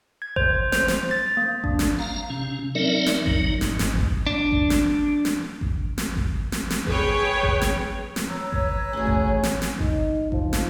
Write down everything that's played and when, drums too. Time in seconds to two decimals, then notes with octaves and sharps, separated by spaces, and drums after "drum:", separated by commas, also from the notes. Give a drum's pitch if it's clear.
0.22 G#6
0.36 C5, drum: kick G#1
0.72 C5, drum: snare
0.88 C5, drum: snare
1.11 A6
1.37 A#3
1.64 D4, drum: kick G#1
1.79 drum: snare
1.99 F5 A#5
2.30 C3 C#4
2.75 F#3 C4 D#4 A#4 D5 E5
3.06 drum: snare
3.26 F#3 D#4, drum: kick G#1
3.61 G#1 G#2, drum: snare
3.79 drum: snare
3.97 drum: kick G#1
4.27 D4
4.52 drum: kick G#1
4.70 drum: snare
5.25 drum: snare
5.61 drum: kick G#1
5.98 drum: snare
6.16 drum: kick G#1
6.52 drum: snare
6.70 drum: snare
6.87 G#4 B4 C#5 G5, drum: kick G#1
7.43 drum: kick G#1
7.61 drum: snare
8.16 drum: snare
8.29 B4 C#5 A#5 E6
8.52 drum: kick G#1
8.93 A1 A3 C#4 F#4 G#4
9.07 drum: kick G#1
9.43 drum: snare
9.62 drum: snare
9.79 D#4, drum: kick G#1
10.32 F3, drum: kick G#1
10.53 drum: snare